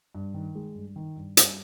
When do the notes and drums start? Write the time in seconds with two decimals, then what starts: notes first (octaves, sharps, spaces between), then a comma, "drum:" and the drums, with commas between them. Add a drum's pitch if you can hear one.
0.15 G2
0.34 D#3
0.55 G#3
0.75 G2
0.96 D#3
1.16 G2
1.37 G2, drum: hi-hat